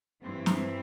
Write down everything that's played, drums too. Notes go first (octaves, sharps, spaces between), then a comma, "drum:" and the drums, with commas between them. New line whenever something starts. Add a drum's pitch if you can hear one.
G2 E3 C4
drum: snare